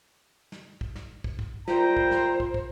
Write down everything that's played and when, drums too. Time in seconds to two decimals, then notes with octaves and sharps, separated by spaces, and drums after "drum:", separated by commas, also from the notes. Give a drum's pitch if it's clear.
0.52 drum: snare
0.81 drum: kick
0.95 drum: snare
1.24 drum: kick
1.39 drum: kick
1.68 C2 G3 F4 A#4 C5 G5 A#5, drum: snare
1.97 drum: kick
2.11 drum: snare
2.40 drum: kick
2.54 drum: kick